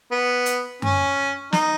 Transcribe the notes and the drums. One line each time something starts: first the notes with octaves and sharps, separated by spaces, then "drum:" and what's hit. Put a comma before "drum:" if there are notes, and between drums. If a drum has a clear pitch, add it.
B3
drum: hi-hat
C#4, drum: tom F#2
D#4, drum: snare